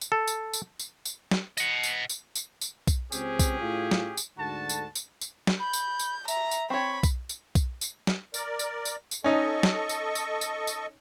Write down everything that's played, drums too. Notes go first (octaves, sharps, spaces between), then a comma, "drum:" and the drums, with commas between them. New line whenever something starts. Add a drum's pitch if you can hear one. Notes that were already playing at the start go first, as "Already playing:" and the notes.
drum: tambourine
A4
drum: tambourine
drum: tambourine
drum: tambourine
drum: tambourine
drum: snare
D#5 F#5, drum: tambourine
drum: tambourine
drum: tambourine
drum: tambourine
drum: tambourine
drum: kick B1, tambourine
C#2 C4 C#4 G4 G#4, drum: tambourine
drum: kick B1, tambourine
A2 F4
drum: snare
drum: tambourine
D2 G#2 D3 F#4 A5
drum: tambourine
drum: tambourine
drum: tambourine
drum: snare
B5 G6
drum: tambourine
drum: tambourine
E5 A#5, drum: tambourine
drum: tambourine
C4 C#5 B5 C#6
drum: kick B1, tambourine
drum: tambourine
drum: kick B1, tambourine
drum: tambourine
drum: snare
A#4 D5, drum: tambourine
drum: tambourine
drum: tambourine
drum: tambourine
C#4 D#4 A4 D#5 C#6
drum: snare
drum: tambourine
drum: tambourine
drum: tambourine
drum: tambourine